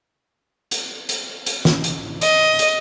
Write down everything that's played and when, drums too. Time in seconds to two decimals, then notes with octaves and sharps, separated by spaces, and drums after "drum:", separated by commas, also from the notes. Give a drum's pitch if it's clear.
0.71 drum: hi-hat
1.09 drum: hi-hat
1.46 drum: hi-hat
1.65 drum: snare
1.84 drum: hi-hat
2.21 D#5, drum: hi-hat
2.59 drum: hi-hat